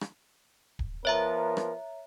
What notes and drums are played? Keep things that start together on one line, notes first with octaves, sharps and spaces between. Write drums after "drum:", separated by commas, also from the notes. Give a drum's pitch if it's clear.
drum: rim click
drum: kick D1
F3 B3 A#4 C#5 E5 A#5
drum: rim click